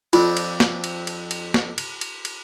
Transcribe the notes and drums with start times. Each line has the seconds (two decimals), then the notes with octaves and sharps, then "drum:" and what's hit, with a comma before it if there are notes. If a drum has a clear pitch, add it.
0.13 F2 C4 D4 F4, drum: cymbal
0.37 drum: cymbal
0.60 drum: snare
0.84 drum: cymbal
1.07 drum: cymbal
1.31 drum: cymbal
1.54 drum: snare
1.78 drum: cymbal
2.01 drum: cymbal
2.25 drum: cymbal